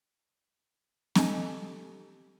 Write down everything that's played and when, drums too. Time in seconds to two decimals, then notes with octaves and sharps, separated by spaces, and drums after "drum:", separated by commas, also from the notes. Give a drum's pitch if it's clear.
1.15 G4 A4 D#5 G#5, drum: snare C4